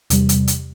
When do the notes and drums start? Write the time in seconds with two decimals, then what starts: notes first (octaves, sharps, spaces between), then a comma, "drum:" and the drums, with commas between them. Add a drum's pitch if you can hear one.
0.10 E2 C3 G3, drum: hi-hat
0.29 drum: hi-hat
0.48 drum: hi-hat